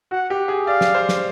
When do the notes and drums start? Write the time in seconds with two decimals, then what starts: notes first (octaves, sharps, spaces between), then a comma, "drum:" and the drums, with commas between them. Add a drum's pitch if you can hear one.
0.11 F#4 F#5
0.30 G4
0.48 G#4
0.67 D5 F5
0.81 drum: snare
0.95 C5
1.09 drum: snare